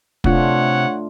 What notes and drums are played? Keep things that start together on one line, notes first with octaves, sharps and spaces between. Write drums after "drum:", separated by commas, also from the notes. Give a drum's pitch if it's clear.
C3 A3 D4 F4 C#5 F#5, drum: kick